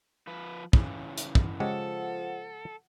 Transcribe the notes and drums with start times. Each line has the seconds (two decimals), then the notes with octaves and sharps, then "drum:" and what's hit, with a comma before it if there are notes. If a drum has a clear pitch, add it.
0.27 F3 B4
0.73 C#3 E3, drum: kick
1.18 drum: hi-hat
1.35 drum: kick
1.60 C#3 F3 G#3 G4 A4 F#5